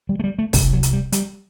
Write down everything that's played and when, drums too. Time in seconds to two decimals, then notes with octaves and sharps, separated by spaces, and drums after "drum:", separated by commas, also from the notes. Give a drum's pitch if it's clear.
0.09 G3
0.19 A3
0.24 G3
0.39 A3
0.53 C2 C3 G3, drum: kick, open hi-hat
0.73 F#3
0.83 drum: hi-hat
0.93 G3
1.12 G3, drum: hi-hat